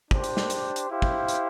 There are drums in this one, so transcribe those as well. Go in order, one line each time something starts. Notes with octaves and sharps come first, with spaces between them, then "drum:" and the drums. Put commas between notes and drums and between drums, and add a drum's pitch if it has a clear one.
D4 G4 C5, drum: kick
drum: hi-hat
drum: snare
drum: hi-hat
drum: hi-hat
E4 G4 C5 F5
drum: kick
drum: hi-hat